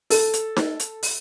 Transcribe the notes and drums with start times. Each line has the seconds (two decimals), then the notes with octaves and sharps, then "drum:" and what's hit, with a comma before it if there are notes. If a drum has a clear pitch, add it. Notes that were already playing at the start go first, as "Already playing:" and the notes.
0.10 A4, drum: open hi-hat
0.33 drum: hi-hat
0.56 drum: snare D#4
0.80 drum: hi-hat
1.03 drum: open hi-hat